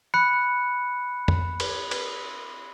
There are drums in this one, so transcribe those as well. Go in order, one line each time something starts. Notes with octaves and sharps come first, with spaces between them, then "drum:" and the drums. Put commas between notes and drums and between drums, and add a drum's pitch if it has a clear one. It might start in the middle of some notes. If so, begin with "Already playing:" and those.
B5 F#6 C#7
drum: tom
drum: cymbal
drum: cymbal